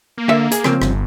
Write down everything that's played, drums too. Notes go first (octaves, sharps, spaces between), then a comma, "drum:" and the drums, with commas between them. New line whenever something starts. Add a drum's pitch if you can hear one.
A#3
D3 E5
G#4, drum: hi-hat
C#3 F3 C4, drum: rim click
G1, drum: rim click